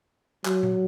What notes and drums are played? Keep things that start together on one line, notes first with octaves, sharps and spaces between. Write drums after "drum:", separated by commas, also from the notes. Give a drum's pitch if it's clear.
F#3, drum: clap
drum: tom A#2